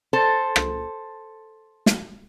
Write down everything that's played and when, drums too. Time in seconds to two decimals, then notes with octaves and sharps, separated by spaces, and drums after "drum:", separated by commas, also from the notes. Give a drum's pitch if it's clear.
0.13 A4 C5
0.56 drum: rim click
1.86 drum: snare